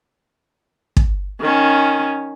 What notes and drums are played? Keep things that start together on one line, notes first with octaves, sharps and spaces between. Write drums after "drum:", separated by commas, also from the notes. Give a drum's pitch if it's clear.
drum: kick
D#3 C#4